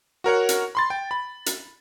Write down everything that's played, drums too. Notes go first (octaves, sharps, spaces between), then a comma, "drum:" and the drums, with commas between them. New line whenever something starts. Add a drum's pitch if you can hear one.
F#4 A#4 C#5 F#5
drum: hi-hat
B5 C6 A6
G5
B5
drum: hi-hat